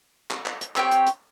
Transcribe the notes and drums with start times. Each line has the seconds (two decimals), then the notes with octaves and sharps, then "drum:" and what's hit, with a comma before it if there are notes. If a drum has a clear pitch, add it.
0.31 drum: clap
0.46 drum: clap
0.61 drum: hi-hat
0.76 C4 G4 C#5 G5, drum: clap
0.91 drum: hi-hat
1.07 drum: hi-hat